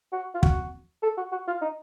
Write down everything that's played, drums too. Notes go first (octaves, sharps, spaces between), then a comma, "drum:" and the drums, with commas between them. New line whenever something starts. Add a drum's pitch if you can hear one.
F#4
F4
F#4, drum: kick
A4
F#4
F#4
F4
D#4